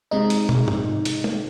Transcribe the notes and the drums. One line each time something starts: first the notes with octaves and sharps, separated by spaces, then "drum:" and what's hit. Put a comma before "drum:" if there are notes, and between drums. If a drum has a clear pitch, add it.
C3 G#3 D#4
drum: hi-hat
drum: tom
drum: tom
drum: hi-hat
drum: tom